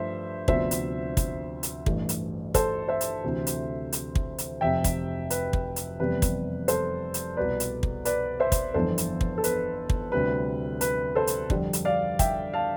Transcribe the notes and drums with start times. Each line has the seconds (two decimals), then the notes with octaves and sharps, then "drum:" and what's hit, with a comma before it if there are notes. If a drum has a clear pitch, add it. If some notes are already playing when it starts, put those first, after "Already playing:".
Already playing: G2 F3 A3 C5 E5
0.48 D2 C3 F3 B3 D4 C5 E5, drum: kick
0.71 drum: hi-hat
1.17 drum: kick, hi-hat
1.63 drum: hi-hat
1.86 A1 G2 E3 A3 D4, drum: kick
2.09 drum: hi-hat
2.54 A4 C5, drum: kick, hi-hat
2.89 C5 E5
3.01 drum: hi-hat
3.24 D2 C3 E3
3.47 drum: hi-hat
3.93 drum: hi-hat
4.15 drum: kick
4.38 drum: hi-hat
4.61 F1 F2 C3 E5 G5
4.84 drum: kick, hi-hat
5.30 B4, drum: hi-hat
5.53 drum: kick
5.76 drum: hi-hat
5.99 F1 E2 C3 G3 B3 B4
6.22 drum: kick, hi-hat
6.68 A4 C5, drum: hi-hat
7.14 drum: hi-hat
7.37 C2 B2 B3 B4 D5
7.60 drum: hi-hat
7.83 drum: kick
8.05 B4 D5, drum: hi-hat
8.40 C5 E5
8.52 drum: kick, hi-hat
8.74 G1 F2 E3 B3 D4 A4 C5
8.98 drum: hi-hat
9.21 drum: kick
9.38 A4
9.44 B4, drum: hi-hat
9.90 drum: kick
10.12 D2 C3 G3 B4
10.81 B4, drum: hi-hat
11.15 A4 C5
11.27 drum: hi-hat
11.50 F2 D3 G3 D4, drum: kick
11.73 drum: hi-hat
11.85 D5 F5
12.19 E5 G5, drum: kick, hi-hat
12.54 F5 A5